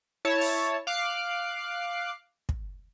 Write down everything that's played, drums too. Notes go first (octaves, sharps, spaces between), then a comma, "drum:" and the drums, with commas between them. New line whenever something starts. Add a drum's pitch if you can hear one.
E4 C#5 A5
drum: open hi-hat
F5 D6 F#6 C7
drum: kick